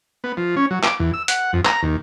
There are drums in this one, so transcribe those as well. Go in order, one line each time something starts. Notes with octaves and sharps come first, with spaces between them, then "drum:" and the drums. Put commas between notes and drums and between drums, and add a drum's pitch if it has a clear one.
B3
F3
C#4
F#3
D6, drum: clap
E2
E6
F#5, drum: hi-hat
F2
A#5, drum: clap
D#2